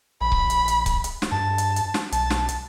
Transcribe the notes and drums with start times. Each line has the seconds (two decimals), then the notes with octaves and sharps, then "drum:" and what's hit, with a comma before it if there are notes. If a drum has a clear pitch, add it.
0.21 A#1 B5
0.32 drum: kick C#1
0.50 drum: hi-hat
0.68 drum: hi-hat
0.86 drum: kick C#1, hi-hat
1.04 drum: hi-hat
1.22 drum: snare
1.32 G2 A5
1.58 drum: hi-hat
1.76 drum: hi-hat
1.94 drum: snare
2.12 B1 A5, drum: hi-hat
2.30 drum: snare
2.49 drum: hi-hat